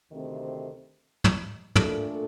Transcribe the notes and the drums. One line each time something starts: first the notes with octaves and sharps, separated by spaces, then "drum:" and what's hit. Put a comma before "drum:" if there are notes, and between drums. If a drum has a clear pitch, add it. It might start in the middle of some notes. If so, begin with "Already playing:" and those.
D2 C3 D#3 A3 C4
drum: tom
A#2 A3 D4 A4, drum: tom